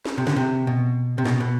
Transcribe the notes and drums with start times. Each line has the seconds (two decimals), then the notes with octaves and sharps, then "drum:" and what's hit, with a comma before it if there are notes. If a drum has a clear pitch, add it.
0.05 drum: snare
0.18 C3
0.27 D3, drum: snare
0.36 C3
0.67 B2
1.18 C3
1.25 B2, drum: snare
1.40 B2